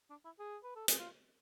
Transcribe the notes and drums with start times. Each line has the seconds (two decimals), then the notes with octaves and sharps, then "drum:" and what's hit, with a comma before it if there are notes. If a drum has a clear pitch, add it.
0.10 D4
0.25 E4
0.39 G#4
0.64 B4
0.76 A4
0.88 G#4, drum: hi-hat
0.99 F4